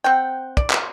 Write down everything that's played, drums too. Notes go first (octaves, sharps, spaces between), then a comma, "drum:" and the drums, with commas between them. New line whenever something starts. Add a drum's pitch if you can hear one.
C4 F#5 G5
D5, drum: kick
drum: clap